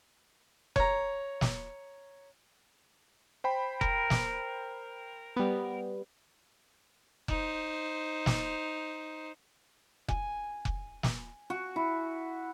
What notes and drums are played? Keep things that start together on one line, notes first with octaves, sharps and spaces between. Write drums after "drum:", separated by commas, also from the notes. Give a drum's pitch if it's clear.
C#5 A#5, drum: kick F1
drum: snare
C5 G5 B5
A#4, drum: kick F1
drum: snare
G3 B3
D#4 C5, drum: kick F1
drum: snare
G#5, drum: kick F1
drum: kick F1
drum: snare
F#4
E4